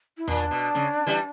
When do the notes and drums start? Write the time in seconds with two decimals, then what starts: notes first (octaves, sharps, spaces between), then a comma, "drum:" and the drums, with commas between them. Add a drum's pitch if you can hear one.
0.17 E4
0.28 A#2 D4, drum: tom E2
0.51 B2
0.75 C#3, drum: snare
1.07 E3 G3